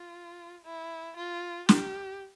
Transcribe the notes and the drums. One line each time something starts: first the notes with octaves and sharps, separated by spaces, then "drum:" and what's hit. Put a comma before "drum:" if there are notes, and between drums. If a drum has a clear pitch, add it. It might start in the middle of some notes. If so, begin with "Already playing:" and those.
Already playing: F4
E4
F4
G4, drum: snare